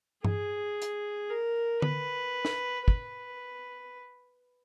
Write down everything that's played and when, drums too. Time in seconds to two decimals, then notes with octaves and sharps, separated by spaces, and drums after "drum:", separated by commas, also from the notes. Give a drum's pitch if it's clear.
0.25 G#4, drum: tom G2
0.82 drum: hi-hat
1.30 A#4
1.82 B4, drum: tom D3
2.45 drum: snare
2.88 B4, drum: kick